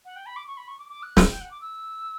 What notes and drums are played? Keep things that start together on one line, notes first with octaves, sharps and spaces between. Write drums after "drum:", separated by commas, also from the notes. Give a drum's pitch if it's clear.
F#5
G5
B5
D6
C#6
B5
C#6
D6
D6
F#6
E6, drum: snare
G5
F#5
D6
E6